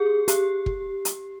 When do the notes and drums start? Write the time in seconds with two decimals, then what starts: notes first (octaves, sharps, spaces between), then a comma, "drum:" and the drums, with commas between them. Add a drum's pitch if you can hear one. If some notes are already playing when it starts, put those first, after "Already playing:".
Already playing: G4 G#4
0.28 G4, drum: hi-hat
0.66 drum: kick
1.05 drum: hi-hat